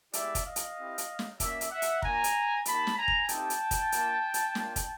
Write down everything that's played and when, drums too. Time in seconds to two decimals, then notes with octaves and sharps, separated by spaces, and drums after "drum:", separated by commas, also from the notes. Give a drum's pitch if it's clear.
0.13 G#3 B3 E4 G4 D5 E5, drum: hi-hat
0.35 drum: kick, hi-hat
0.45 D#5 F5
0.56 drum: hi-hat
0.77 C4 E4 G4
0.98 drum: hi-hat
1.19 drum: snare
1.40 A#3 C#4 F#4 D5 E5, drum: kick, hi-hat
1.61 drum: hi-hat
1.71 E5 F#5
1.82 drum: hi-hat
2.02 A#3 D4 F4 G#5 A#5, drum: kick
2.24 drum: hi-hat
2.65 A#3 D#4 G4 A5 B5, drum: hi-hat
2.87 drum: snare
2.97 G#5 A#5
3.08 drum: kick
3.29 A3 C4 D#4 G4 G5 A5, drum: hi-hat
3.50 drum: hi-hat
3.71 drum: kick, hi-hat
3.92 A#3 D4 F4, drum: hi-hat
4.34 drum: hi-hat
4.55 A#3 D4 F4, drum: snare
4.76 drum: kick, hi-hat